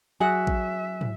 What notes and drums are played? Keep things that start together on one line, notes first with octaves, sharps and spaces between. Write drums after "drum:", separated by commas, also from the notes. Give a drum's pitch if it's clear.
F#3 F#4 G#4 E5 F#5 G#5 F#6
drum: kick A1
drum: tom